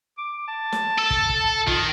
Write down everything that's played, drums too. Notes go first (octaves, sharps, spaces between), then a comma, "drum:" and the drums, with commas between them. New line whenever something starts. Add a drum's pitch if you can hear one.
D6
A5
drum: snare
A4
drum: kick
drum: kick
D#3 F4, drum: kick